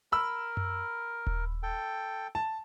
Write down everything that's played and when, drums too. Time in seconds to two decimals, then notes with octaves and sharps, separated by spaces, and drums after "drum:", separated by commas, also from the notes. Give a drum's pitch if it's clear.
0.12 A#4 B5 E6
0.57 drum: tom F#2
1.27 drum: kick D#1
1.63 A4 G5
2.35 A5